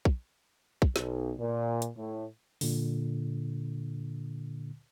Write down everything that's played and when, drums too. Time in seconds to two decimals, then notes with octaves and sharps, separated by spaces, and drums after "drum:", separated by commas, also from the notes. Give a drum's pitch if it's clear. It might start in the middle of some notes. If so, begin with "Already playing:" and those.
0.05 drum: kick
0.82 drum: kick
0.96 B1, drum: snare
1.38 A#2
1.82 drum: hi-hat
1.97 A2
2.61 A#2 D3, drum: open hi-hat